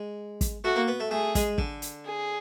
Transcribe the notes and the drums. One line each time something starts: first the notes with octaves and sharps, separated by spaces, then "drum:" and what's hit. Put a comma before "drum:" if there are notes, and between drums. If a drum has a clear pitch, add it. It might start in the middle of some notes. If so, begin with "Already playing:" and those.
Already playing: G#3
drum: kick, hi-hat
A3 F#4
A#3
B3
A3
A3 G#4
G#3, drum: kick, hi-hat
D3, drum: kick
drum: hi-hat
G#4